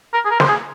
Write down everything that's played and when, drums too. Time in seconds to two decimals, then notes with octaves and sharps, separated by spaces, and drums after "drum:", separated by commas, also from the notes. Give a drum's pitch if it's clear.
0.13 A#4
0.25 G#4
0.31 A#4
0.40 C5, drum: snare
0.49 G#4